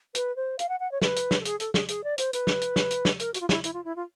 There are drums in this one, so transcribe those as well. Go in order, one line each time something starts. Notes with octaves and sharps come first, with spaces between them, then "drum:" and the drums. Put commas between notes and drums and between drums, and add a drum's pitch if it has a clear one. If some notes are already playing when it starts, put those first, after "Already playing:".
B4, drum: hi-hat
C5
F5, drum: hi-hat
F#5
F#5
C#5
B4, drum: snare
drum: hi-hat
drum: snare
A4
G#4, drum: hi-hat
A4, drum: hi-hat
G#4, drum: snare
G#4, drum: hi-hat
D5
C5, drum: hi-hat
B4, drum: hi-hat
drum: snare
drum: hi-hat
drum: snare
drum: hi-hat
drum: snare
A#4, drum: hi-hat
F#4, drum: hi-hat
F4
E4, drum: snare
E4, drum: hi-hat
F4
E4
F4